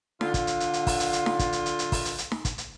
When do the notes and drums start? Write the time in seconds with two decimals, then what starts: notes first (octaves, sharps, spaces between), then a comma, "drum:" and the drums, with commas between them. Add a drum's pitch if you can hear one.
0.21 D3 F4, drum: snare D#4
0.34 drum: kick, hi-hat
0.47 drum: hi-hat
0.60 drum: hi-hat
0.73 drum: hi-hat
0.87 drum: kick, open hi-hat
1.00 drum: hi-hat
1.13 drum: hi-hat
1.26 drum: snare D#4
1.39 drum: kick, hi-hat
1.53 drum: hi-hat
1.66 drum: hi-hat
1.79 drum: hi-hat
1.92 drum: kick, open hi-hat
2.05 drum: hi-hat
2.18 drum: hi-hat
2.32 drum: snare D#4
2.45 drum: kick, hi-hat
2.58 drum: hi-hat